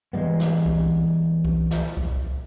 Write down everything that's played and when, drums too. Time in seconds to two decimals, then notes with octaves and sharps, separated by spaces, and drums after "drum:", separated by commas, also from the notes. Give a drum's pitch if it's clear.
0.13 E3 G3 G#3 B3
0.40 drum: snare
0.66 drum: kick C2
1.45 drum: kick C2
1.71 drum: snare
1.97 drum: kick C2